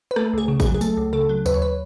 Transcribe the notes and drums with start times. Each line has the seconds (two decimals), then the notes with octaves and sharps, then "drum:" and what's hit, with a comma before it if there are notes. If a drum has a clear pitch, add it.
0.11 B4
0.16 A3 A4, drum: rim click
0.33 C#2 G#4
0.48 C#3
0.60 G#4, drum: kick G#1, tambourine
0.65 F#3
0.74 G#4
0.81 A3 A4, drum: tambourine
0.97 C#2
1.13 C#3 A4
1.29 F#3
1.46 D#2 B4, drum: tambourine
1.54 C#5
1.62 B4